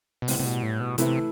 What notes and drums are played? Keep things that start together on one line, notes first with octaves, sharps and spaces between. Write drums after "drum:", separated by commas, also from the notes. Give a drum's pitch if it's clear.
B2
A2 C3 G3 B3, drum: open hi-hat
C3
B2
A2
B2
C3 E3 A3 E4 B4, drum: hi-hat